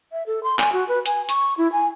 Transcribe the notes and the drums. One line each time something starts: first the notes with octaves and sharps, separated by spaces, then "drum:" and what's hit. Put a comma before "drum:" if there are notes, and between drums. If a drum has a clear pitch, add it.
E5
A4
C6
G#5, drum: clap
F#4
B4
G#5, drum: hi-hat
C#6, drum: hi-hat
E4
G#5